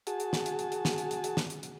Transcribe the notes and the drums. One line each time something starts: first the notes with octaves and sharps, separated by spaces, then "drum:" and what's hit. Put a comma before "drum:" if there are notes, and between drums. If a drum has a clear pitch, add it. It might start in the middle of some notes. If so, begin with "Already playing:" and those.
F#4 G#4 A5, drum: hi-hat
drum: hi-hat
drum: snare
drum: hi-hat
drum: hi-hat
drum: hi-hat
drum: snare
drum: hi-hat
drum: hi-hat
drum: hi-hat
drum: snare
drum: hi-hat
drum: hi-hat